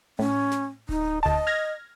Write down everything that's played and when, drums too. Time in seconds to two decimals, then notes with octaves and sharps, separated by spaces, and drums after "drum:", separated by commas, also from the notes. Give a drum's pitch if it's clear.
0.19 A2 C#4
0.51 drum: snare
0.89 D#4, drum: kick D1
1.23 D2 D#5 A5
1.47 F6 G#6 A#6